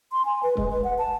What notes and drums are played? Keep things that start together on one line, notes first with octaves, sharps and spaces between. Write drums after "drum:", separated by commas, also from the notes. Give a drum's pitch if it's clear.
C6
G#5
B4
G#3, drum: kick
B4
F#5
A5